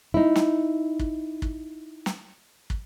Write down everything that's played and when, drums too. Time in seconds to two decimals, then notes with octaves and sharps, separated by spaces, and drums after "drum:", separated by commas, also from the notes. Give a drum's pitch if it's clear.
0.14 D#4 E4
0.36 drum: snare
0.99 drum: kick
1.42 drum: kick
2.06 drum: snare
2.70 drum: kick